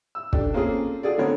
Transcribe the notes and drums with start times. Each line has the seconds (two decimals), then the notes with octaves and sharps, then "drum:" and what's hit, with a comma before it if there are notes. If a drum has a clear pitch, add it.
0.15 E6
0.33 D4 G4 A4, drum: kick
0.54 A#3 C4 C#4 F4 G#4 A4
1.03 F4 F#4 G#4 A4 D5
1.18 D3 A3 B3 C4 A#4 C#5